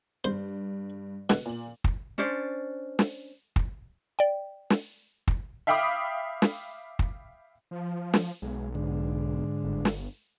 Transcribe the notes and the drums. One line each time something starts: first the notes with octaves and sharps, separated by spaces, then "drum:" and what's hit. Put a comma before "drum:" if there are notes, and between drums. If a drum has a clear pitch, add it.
G2 C5
B2, drum: snare
A#2 F#7
drum: kick
C#4 D4 C5 D5
drum: snare
drum: kick
D5 G5
drum: snare
drum: kick
E5 F5 G5 B5 D6 D#6
drum: snare
drum: kick
F3
drum: snare
B1 G#3
G#2 D3
G1
drum: snare